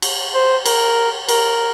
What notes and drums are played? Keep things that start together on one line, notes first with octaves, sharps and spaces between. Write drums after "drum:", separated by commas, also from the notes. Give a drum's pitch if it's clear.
drum: cymbal
C5
A#4, drum: cymbal
A#4, drum: cymbal